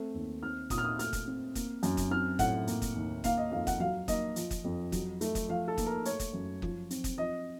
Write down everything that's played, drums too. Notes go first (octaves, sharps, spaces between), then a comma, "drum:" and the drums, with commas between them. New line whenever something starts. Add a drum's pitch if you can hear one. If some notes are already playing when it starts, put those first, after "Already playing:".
Already playing: A3 C4
D#2
C4 F6
A#2 D#6, drum: kick, hi-hat
F6
D#6
A3 F6, drum: hi-hat
drum: kick, hi-hat
C4
A#3, drum: kick, hi-hat
F#2, drum: hi-hat
drum: kick, hi-hat
C4 F6
A2 F#5, drum: kick, hi-hat
A#3, drum: hi-hat
drum: kick, hi-hat
D#2
A#3 F5, drum: kick, hi-hat
D#5
F2 F5
F#5, drum: kick, hi-hat
F#3 F5
A#3 D#5, drum: kick, hi-hat
F3, drum: hi-hat
drum: kick, hi-hat
F2
F#3, drum: kick, hi-hat
A3, drum: hi-hat
drum: kick, hi-hat
F3 F5
A4
A#3, drum: kick, hi-hat
A#4
A3 C#5, drum: hi-hat
drum: kick, hi-hat
F#2
F3, drum: kick
C4, drum: hi-hat
drum: kick, hi-hat
F3 D#5